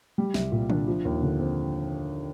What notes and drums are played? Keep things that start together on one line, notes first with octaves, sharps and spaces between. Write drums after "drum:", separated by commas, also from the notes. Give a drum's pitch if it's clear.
G3
C2, drum: snare
A#2
D4, drum: tom D3
F3
D#2
D3
C4